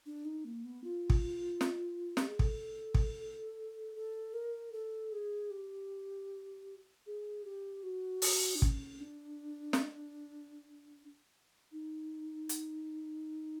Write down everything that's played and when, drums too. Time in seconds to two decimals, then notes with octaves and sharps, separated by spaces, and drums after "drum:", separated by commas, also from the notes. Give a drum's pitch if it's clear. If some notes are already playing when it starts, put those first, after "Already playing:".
0.06 D4
0.25 D#4
0.45 A#3
0.64 B3
0.84 F4
1.10 drum: kick
1.61 drum: snare
2.17 G4, drum: snare
2.28 G#4
2.39 A4, drum: kick
2.94 drum: kick
3.95 A4
4.33 A#4
4.72 A4
5.12 G#4
5.51 G4
7.06 G#4
7.44 G4
7.83 F#4
8.22 drum: open hi-hat
8.55 D4
8.62 C#4, drum: kick
9.00 D4
9.73 drum: snare
11.72 D#4
12.49 drum: hi-hat